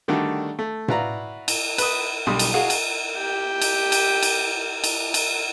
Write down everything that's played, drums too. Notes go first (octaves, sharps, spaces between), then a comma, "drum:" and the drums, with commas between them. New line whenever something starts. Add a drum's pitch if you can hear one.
D3 D#3 G3 A3 D4 F#4
A3
E4 F#4 B4 D5 F5 A#5, drum: tom A2
drum: cymbal
B4 D#6, drum: cymbal
B1 D3 G3 C6 D#6
drum: cymbal
F#4 G#4 F5 F#5
drum: cymbal
G4 G5
drum: cymbal
drum: cymbal
drum: cymbal
drum: cymbal
drum: cymbal